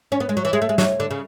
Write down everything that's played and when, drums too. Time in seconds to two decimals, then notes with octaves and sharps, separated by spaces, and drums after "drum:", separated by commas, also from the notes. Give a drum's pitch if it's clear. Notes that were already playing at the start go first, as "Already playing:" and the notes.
0.12 C#4
0.20 B3
0.29 G#3
0.37 F#3
0.45 E3
0.53 G#3
0.62 A3
0.69 G#3
0.78 F#3, drum: snare
1.00 D3
1.11 C#3